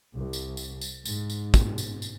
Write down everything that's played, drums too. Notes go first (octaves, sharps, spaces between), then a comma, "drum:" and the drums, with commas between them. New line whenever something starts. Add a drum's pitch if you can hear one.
C2
drum: tambourine
drum: tambourine
drum: tambourine
G#2, drum: tambourine
drum: tambourine
drum: kick, tambourine
drum: tambourine
drum: tambourine